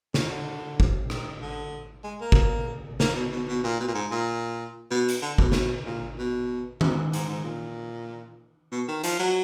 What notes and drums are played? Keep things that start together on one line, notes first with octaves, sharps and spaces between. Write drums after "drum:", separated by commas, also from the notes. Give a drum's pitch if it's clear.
A#2, drum: snare
D3
drum: kick
D#3, drum: rim click
D3
G#3
A#3
drum: kick
A#3, drum: snare
B2
B2
B2
A#2
B2
A#2
G#2
A#2
B2
drum: hi-hat
D3
B2, drum: kick
drum: snare
A#2
B2
G#2, drum: tom D#3
G#2, drum: hi-hat
G#2
A#2
B2
D#3
F3, drum: hi-hat
F#3